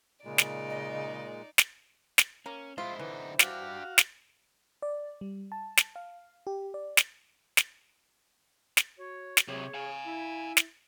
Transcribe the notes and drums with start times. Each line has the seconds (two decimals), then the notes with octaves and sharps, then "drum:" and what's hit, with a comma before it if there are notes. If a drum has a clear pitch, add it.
0.25 A#2 C#3 G#3 D#4 D5
0.38 drum: snare
0.70 D#5
1.58 drum: snare
2.18 drum: snare
2.46 A#3 C#4
2.78 G#3 E4 F4 C5
2.99 D3 E3 D#4
3.39 D4 F#4 G4 F5, drum: snare
3.98 drum: snare
4.82 D5
5.21 G3
5.52 A5
5.77 drum: snare
5.96 F5
6.47 G4
6.74 D5
6.97 drum: snare
7.57 drum: snare
8.77 drum: snare
8.98 F#4 C#5
9.37 drum: snare
9.48 C3 F#3 G#4 C#5
9.74 F5 G#5
10.06 E4
10.57 drum: snare